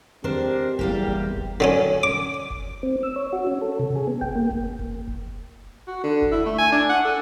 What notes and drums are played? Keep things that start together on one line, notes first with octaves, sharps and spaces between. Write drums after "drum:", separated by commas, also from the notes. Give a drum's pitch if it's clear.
G#3 C4 D4 G4 A#4 C5
E2 G3 A#3 G4, drum: kick F1
drum: kick F1
drum: kick F1
D3 F#3 C#4
D6
drum: kick F1
C4
E6
C#5
F#4
C#4
A4
C3
G#4
B3
G5, drum: kick F1
A#3
drum: kick F1
drum: kick F1
drum: kick F1
F#4
D3
drum: kick F1
E4
A3
G#5
D4
F#5
A4